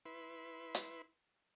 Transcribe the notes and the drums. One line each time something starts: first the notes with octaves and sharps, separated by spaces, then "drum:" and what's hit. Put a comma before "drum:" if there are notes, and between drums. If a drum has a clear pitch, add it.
E4 B4 C6
drum: hi-hat